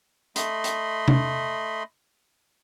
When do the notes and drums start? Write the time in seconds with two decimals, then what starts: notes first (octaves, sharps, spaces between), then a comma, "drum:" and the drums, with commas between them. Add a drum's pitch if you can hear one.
0.36 A3 D#5 B5 C6, drum: hi-hat
0.64 drum: hi-hat
1.08 drum: tom C3